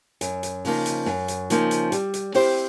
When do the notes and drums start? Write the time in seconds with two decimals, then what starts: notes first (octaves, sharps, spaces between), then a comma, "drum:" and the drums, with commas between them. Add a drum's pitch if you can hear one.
0.21 F#2, drum: hi-hat
0.43 drum: hi-hat
0.65 C#3 F3 A#3 D#4, drum: open hi-hat
0.86 drum: hi-hat
1.06 F#2, drum: snare
1.28 drum: hi-hat
1.50 C#3 F3 A#3 D#4, drum: hi-hat
1.71 drum: hi-hat
1.92 G3, drum: hi-hat
2.14 drum: hi-hat
2.34 C4 E4 G4 C5, drum: open hi-hat